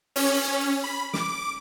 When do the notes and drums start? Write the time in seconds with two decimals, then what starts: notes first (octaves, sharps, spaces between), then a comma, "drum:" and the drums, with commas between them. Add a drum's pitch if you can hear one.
0.16 C#4, drum: open hi-hat
0.48 C#4
0.84 B5
1.13 D6, drum: snare